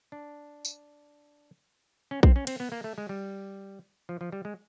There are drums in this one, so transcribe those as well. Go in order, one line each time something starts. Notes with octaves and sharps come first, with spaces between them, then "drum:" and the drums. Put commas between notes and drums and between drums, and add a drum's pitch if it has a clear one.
D4
drum: tambourine
C#4
C4, drum: kick A#1
C#4
C4, drum: cymbal
B3
A#3
A3
G#3
G3
F3
F3
G3
G#3